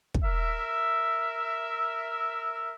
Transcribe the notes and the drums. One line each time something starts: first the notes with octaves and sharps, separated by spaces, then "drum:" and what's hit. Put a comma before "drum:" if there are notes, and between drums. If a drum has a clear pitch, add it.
drum: kick
A#4 E5